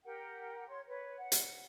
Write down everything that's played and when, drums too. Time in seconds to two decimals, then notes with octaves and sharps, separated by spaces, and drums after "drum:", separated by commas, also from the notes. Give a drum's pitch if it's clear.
0.05 G4 A#4 F#5 G5
0.67 C#5 C6
0.88 B4 C#5
1.17 F#5
1.32 drum: hi-hat